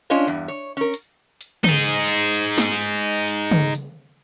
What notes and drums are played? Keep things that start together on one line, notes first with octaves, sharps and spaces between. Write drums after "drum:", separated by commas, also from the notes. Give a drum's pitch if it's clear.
C#4 D4 F4 C#5 D#5
E2 G2
C#5
C#4 A#4
drum: hi-hat
drum: hi-hat
D#4 G#4, drum: tom
drum: hi-hat
drum: hi-hat
drum: snare
drum: hi-hat
drum: hi-hat
drum: tom
drum: hi-hat